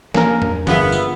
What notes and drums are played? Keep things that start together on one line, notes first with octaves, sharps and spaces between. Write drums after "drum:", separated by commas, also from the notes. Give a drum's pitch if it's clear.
A#3 D4 A#4 G#5, drum: snare
drum: tom E2
G1 B3 F4 G#4 E5, drum: snare
drum: tambourine